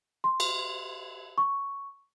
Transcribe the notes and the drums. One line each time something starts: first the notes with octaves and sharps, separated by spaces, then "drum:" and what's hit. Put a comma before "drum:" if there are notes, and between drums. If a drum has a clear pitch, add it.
C6
drum: cymbal
C#6